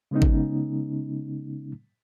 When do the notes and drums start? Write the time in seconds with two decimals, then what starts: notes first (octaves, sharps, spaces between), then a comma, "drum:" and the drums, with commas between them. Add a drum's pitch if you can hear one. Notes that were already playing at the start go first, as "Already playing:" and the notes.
0.11 C#3 G#3 B3 C#4 D#4
0.22 drum: kick